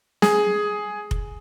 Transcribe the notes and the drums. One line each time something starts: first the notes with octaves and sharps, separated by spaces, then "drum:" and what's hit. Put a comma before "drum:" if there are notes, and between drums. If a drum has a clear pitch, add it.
G#4, drum: snare
drum: kick F1